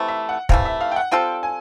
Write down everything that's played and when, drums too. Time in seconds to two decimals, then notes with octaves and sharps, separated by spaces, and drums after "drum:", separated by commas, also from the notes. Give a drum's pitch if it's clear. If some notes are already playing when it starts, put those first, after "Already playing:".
Already playing: C3 E3 A3
0.08 E5
0.29 F#5
0.49 C3 E3 A3 F5, drum: kick
0.65 E5
0.80 F5
0.92 G5
0.96 F#5
1.11 G3 C4 F4 A4 G5
1.43 G#5